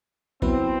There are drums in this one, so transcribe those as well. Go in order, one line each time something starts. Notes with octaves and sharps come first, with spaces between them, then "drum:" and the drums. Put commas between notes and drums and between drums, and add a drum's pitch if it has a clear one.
F#3 B3 C4 E4 B4, drum: kick